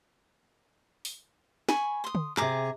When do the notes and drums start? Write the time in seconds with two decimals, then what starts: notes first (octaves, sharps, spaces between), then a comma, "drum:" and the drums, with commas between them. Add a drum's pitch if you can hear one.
1.05 drum: open hi-hat
1.69 G#5 B5 C#6, drum: snare
2.04 C6 D#6
2.15 drum: tom
2.37 C3 G#4 A#5 D6, drum: clap